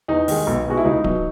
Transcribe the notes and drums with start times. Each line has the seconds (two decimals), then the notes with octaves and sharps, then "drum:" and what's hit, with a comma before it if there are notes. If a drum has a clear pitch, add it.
0.08 E2 D#4
0.28 D#3 G#3, drum: open hi-hat
0.47 B1
0.67 B2 G#3 F#4
0.77 E4
0.85 C#2 D#4
1.04 B2 F#3, drum: kick D1